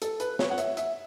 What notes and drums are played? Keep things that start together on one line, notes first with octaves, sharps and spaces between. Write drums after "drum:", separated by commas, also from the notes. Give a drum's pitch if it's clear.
A4, drum: hi-hat
B4, drum: hi-hat
C#5, drum: snare
F#5
E5, drum: hi-hat
E5, drum: hi-hat